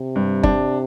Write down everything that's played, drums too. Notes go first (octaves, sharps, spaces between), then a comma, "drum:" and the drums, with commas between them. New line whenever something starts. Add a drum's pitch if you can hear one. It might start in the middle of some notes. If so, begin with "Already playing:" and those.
Already playing: C3
G2
D4, drum: kick G1